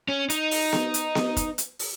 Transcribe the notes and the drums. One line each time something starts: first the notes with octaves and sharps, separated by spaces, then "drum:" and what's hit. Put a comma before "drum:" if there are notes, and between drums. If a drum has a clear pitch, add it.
C#4
D#4, drum: hi-hat
drum: open hi-hat
drum: snare B3
drum: hi-hat
drum: snare B3
drum: kick, hi-hat
drum: hi-hat
drum: open hi-hat